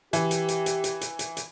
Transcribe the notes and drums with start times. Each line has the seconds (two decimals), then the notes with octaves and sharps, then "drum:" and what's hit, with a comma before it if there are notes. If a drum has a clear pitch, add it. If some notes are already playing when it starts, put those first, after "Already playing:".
0.13 E3 G4, drum: hi-hat
0.31 drum: hi-hat
0.48 drum: hi-hat
0.66 drum: hi-hat
0.84 drum: hi-hat
1.01 drum: hi-hat
1.19 drum: hi-hat
1.37 drum: hi-hat